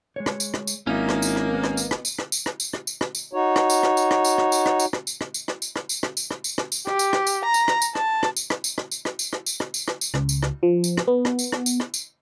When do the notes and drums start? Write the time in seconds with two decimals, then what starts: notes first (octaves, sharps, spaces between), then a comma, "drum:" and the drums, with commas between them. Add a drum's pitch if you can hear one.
0.16 G#3 C#5
0.26 drum: rim click
0.40 drum: tambourine
0.54 drum: rim click
0.67 drum: tambourine
0.87 G#1 A#3 C#4 D#4 E4 F#4 E5
1.09 drum: rim click
1.22 drum: tambourine
1.36 drum: rim click
1.54 B3 D#5
1.64 drum: rim click
1.77 drum: tambourine
1.91 drum: rim click
2.05 drum: tambourine
2.19 drum: rim click
2.32 drum: tambourine
2.46 drum: rim click
2.60 drum: tambourine
2.73 drum: rim click
2.87 drum: tambourine
3.01 drum: rim click
3.15 drum: tambourine
3.33 D#4 F#4 C#5
3.56 drum: rim click
3.70 drum: tambourine
3.83 drum: rim click
3.97 drum: tambourine
4.11 drum: rim click
4.25 drum: tambourine
4.38 drum: rim click
4.52 drum: tambourine
4.66 drum: rim click
4.79 drum: tambourine
4.93 drum: rim click
5.07 drum: tambourine
5.21 drum: rim click
5.34 drum: tambourine
5.48 drum: rim click
5.62 drum: tambourine
5.76 drum: rim click
5.89 drum: tambourine
6.03 drum: rim click
6.17 drum: tambourine
6.31 drum: rim click
6.44 drum: tambourine
6.58 drum: rim click
6.72 drum: tambourine
6.87 G4, drum: rim click
6.99 drum: tambourine
7.13 drum: rim click
7.27 drum: tambourine
7.45 A#5
7.54 drum: tambourine
7.68 drum: rim click
7.82 drum: tambourine
7.95 A5, drum: rim click
8.23 drum: rim click
8.37 drum: tambourine
8.50 drum: rim click
8.64 drum: tambourine
8.78 drum: rim click
8.91 drum: tambourine
9.05 drum: rim click
9.19 drum: tambourine
9.33 drum: rim click
9.46 drum: tambourine
9.60 drum: rim click
9.74 drum: tambourine
9.88 drum: rim click
10.01 drum: tambourine
10.14 C#2, drum: rim click
10.29 drum: tambourine
10.43 drum: rim click
10.63 F3
10.84 drum: tambourine
10.97 drum: rim click
11.08 B3
11.25 drum: rim click
11.39 drum: tambourine
11.52 drum: rim click
11.66 drum: tambourine
11.80 drum: rim click
11.94 drum: tambourine